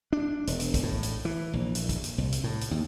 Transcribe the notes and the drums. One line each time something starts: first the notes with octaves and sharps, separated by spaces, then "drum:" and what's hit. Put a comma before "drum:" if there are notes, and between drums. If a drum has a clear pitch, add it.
D4
E1, drum: hi-hat
drum: hi-hat
drum: kick, hi-hat
A2
drum: hi-hat
E3
A#1
drum: hi-hat
drum: kick, hi-hat
drum: hi-hat
C2
drum: hi-hat
A2
drum: hi-hat
D#2